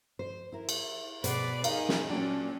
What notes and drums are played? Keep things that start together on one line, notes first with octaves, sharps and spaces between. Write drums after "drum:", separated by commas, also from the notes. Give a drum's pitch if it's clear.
C5
E4 A#4
drum: cymbal
B2 G#4 B4 C5 D5, drum: hi-hat
D#4 G#4 A#4 F5, drum: cymbal
drum: snare
A#2 F#3 C#4 D4 G5 G#5